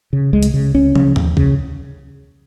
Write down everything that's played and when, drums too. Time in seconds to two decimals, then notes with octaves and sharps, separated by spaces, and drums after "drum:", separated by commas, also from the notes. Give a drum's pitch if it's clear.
0.13 C#3
0.33 C#2 G#3
0.43 drum: hi-hat
0.54 C#3
0.75 C#2 C#4
0.95 C#3, drum: tom
1.16 D#2, drum: tom G#2
1.37 C#3, drum: kick C2